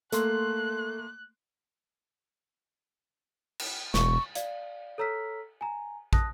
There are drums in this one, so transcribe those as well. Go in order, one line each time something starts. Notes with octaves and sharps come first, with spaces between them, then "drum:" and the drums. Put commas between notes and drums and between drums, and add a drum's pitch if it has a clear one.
A3 A#3 A4 C6 F#6, drum: hi-hat
drum: cymbal
E1 C#6, drum: snare
D5 F5, drum: hi-hat
A4 C#5 A#5 E6 F6 B6
G#5 A#5
A5 D#6 F#6 A#6, drum: kick